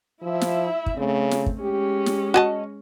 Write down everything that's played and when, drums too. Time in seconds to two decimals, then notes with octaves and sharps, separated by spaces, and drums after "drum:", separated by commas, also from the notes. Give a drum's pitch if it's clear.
0.23 F3 E4 E5
0.41 drum: snare
0.86 drum: kick
0.97 C#3 A3 C4
1.31 drum: snare
1.46 drum: kick
1.61 G#3 C#4 G4
2.06 drum: snare
2.34 F#4 D#5 A5